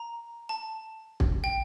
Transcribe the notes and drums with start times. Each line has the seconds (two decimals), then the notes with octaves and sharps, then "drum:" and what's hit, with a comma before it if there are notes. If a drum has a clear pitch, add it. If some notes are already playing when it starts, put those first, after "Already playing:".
Already playing: A#5
0.49 A5
1.20 drum: kick
1.44 G5